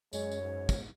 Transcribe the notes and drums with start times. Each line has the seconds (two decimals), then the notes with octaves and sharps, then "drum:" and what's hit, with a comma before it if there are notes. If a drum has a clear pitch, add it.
0.13 F#2 G#3 C#5, drum: tambourine
0.32 drum: tambourine
0.42 G#2
0.69 drum: kick, tambourine